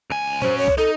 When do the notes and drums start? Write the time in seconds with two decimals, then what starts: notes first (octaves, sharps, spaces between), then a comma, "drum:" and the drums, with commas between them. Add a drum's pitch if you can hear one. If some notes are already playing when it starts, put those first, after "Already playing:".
0.10 C#2 G#5
0.42 C#4 F#4 C5, drum: tom A#2
0.58 C#5
0.67 drum: kick C2
0.78 D#4 A4